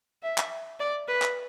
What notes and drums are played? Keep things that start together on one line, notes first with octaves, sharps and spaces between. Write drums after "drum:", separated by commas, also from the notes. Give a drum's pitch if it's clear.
E5
drum: clap
D5
B4
drum: clap